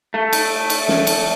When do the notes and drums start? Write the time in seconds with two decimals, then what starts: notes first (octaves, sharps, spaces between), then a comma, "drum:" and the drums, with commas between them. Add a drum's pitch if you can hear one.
0.14 A3
0.33 drum: cymbal
0.70 drum: cymbal
0.88 drum: snare
1.07 drum: cymbal